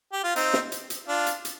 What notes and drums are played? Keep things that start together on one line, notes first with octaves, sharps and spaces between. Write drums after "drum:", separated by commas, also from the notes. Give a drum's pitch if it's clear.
G4
F4
C4 D#4, drum: hi-hat
drum: snare
drum: hi-hat
drum: hi-hat
D4 F4
drum: hi-hat
drum: hi-hat